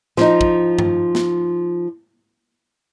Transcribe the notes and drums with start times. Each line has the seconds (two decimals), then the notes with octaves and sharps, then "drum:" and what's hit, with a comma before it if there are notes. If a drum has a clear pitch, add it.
0.17 F3 D#4, drum: snare
0.41 drum: kick
0.79 drum: tom G2
1.15 drum: snare